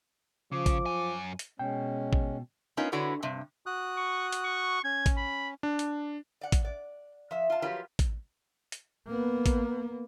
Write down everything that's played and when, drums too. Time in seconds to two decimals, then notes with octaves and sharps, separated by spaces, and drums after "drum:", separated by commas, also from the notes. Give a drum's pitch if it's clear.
0.52 C#3 F3 D6
0.66 drum: kick A1, hi-hat
0.86 F#2 G#5
1.39 drum: hi-hat
1.59 B2 G#3 C#4 G5
2.13 drum: kick A1
2.77 B3 C#4 D#4 F4 A#4
2.92 D3 E4 F#4 B4 C#5 D5
3.23 G2 C3
3.66 F#4 D#6 F#6
3.97 C#6
4.33 drum: hi-hat
4.44 C#6
4.84 C#4 G#6
5.06 drum: kick A1, hi-hat
5.17 B5
5.63 D4
5.79 drum: hi-hat
6.41 D5 F#5
6.52 drum: kick A1, hi-hat
6.65 D5
7.31 F3 E5
7.50 F4 A5
7.62 F3 F#3 F4 G4 A#4 B4
7.99 drum: kick A1, hi-hat
8.72 drum: hi-hat
9.07 A#3 B3
9.46 drum: kick A1, hi-hat